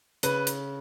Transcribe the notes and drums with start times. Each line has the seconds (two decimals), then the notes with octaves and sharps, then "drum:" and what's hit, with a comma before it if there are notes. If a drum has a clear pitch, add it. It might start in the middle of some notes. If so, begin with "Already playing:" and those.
0.23 C#3 B4, drum: hi-hat
0.47 drum: hi-hat